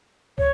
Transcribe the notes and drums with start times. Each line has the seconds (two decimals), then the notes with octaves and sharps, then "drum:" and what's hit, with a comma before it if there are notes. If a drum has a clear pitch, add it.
0.38 C#5, drum: kick